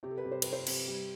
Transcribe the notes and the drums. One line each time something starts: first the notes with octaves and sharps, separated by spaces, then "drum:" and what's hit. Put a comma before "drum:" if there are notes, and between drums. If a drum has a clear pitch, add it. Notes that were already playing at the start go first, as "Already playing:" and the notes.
C3 G4
A4
B4
C3
C5
C3 B4, drum: cymbal
C5
C3, drum: cymbal
G3